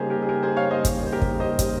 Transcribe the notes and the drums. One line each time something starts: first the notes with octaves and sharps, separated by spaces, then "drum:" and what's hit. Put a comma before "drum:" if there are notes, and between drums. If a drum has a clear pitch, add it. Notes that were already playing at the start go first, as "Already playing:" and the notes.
Already playing: C#3 G3 A#3 D#4 G4 G#4 A#4 C5
G4 A#4
G#4
G4 A#4
G#4 C5
C#5 F5
C5 D#5
drum: kick, hi-hat
C5
G4 A#4
drum: kick
C5 D#5
drum: kick, hi-hat